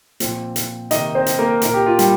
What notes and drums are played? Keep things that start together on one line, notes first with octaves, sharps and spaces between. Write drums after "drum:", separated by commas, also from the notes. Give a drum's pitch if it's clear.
A#2 F3 C4, drum: hi-hat
drum: hi-hat
C3 D#3 A#3 D#4 D#5, drum: hi-hat
C4 C5
drum: hi-hat
A#3 A#4
A#2 A#3 D#4 A#4, drum: hi-hat
G4
F4
G3 G4, drum: hi-hat